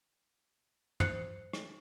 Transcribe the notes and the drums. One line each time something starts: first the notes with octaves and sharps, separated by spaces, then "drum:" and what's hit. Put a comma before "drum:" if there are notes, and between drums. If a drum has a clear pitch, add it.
C5 F#6 C7 C#7, drum: tom
drum: rim click